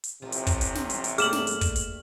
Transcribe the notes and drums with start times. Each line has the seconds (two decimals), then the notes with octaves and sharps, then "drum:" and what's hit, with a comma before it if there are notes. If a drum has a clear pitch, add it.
0.04 drum: hi-hat
0.22 A1 C3 F3
0.32 drum: hi-hat
0.47 drum: kick, hi-hat
0.61 drum: hi-hat
0.75 drum: snare
0.90 drum: hi-hat
1.04 drum: hi-hat
1.18 G2 A3 A#3 G#4 F6 E7 F#7, drum: hi-hat
1.33 drum: snare
1.47 drum: hi-hat
1.61 drum: kick, hi-hat
1.76 drum: hi-hat